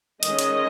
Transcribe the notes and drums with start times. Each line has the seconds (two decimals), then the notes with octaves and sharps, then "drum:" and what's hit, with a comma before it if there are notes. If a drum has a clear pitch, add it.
0.23 D#3 G#3 C#4 D#5, drum: hi-hat
0.39 drum: hi-hat